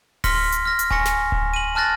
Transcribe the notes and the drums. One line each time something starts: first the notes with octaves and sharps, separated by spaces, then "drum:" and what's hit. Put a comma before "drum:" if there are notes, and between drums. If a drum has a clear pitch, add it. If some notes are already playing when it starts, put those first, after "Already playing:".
C6 F6 A#6 B6 C#7, drum: kick D1, open hi-hat
drum: hi-hat
F6 A#6
drum: hi-hat
G#5 C#6 A#6 C#7, drum: kick D1
drum: snare
drum: kick D1
D#7 F#7
A5 F6 F#6 A6 A#6